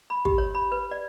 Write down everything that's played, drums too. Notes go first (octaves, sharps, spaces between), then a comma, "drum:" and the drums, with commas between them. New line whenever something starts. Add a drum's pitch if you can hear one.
B5
G4, drum: kick
C#5
B5
B4
D5